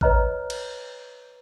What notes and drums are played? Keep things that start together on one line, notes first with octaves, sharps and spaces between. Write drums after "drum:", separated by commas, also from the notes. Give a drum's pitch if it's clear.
B4 C#5 D#5 A#5 F6 F#6, drum: kick A1
drum: cymbal